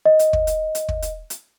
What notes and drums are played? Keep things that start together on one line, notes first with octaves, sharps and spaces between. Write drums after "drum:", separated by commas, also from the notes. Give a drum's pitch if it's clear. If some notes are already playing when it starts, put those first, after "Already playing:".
D#5
drum: hi-hat
drum: kick
drum: hi-hat
drum: hi-hat
drum: kick
drum: hi-hat
drum: hi-hat